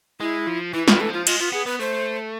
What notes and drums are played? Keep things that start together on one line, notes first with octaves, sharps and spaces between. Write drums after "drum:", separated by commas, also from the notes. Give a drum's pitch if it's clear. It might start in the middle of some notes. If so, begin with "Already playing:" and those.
G#3 E4
F3
E3 E4
E3 F4, drum: snare
A4
F3 F4
G#3 F4, drum: cymbal
B3 F4
B3 G#4
B3 B4
A3 C5